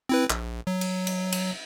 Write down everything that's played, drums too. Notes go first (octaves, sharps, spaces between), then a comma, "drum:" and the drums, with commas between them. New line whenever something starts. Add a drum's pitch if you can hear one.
C4 E4 B4
A#1, drum: clap
F#3
drum: cymbal
drum: cymbal
drum: cymbal